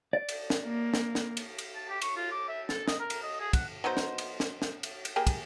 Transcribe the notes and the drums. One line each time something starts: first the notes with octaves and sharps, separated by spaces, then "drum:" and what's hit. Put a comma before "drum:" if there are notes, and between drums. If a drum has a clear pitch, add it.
D5
drum: cymbal
drum: snare
A#3
drum: snare
drum: snare
drum: cymbal
drum: cymbal
A5
G4
C#6, drum: cymbal
F4
D6
E5
A4, drum: snare
D#5, drum: snare
A#4
drum: cymbal
D#5
G#4
F#5, drum: kick, cymbal
F#3 B3 D#4 C5
drum: snare
drum: cymbal
drum: snare
drum: snare
drum: cymbal
drum: cymbal
A#3 G4 G#4
drum: kick, cymbal